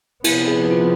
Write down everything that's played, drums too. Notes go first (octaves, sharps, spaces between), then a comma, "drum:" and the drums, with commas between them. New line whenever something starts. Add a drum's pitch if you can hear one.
C3 F3 B3 E4, drum: cymbal
G#4
F4